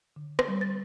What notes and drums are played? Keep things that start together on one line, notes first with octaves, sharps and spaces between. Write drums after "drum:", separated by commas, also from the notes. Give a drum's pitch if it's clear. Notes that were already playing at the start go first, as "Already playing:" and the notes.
D3
drum: rim click
G3
A6